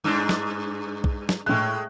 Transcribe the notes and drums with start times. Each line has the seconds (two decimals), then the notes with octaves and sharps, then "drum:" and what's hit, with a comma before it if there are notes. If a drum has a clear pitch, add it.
0.04 G2 G#3 D4
0.29 drum: snare
1.04 drum: kick
1.29 drum: snare
1.46 A2 G#3 A3 F#6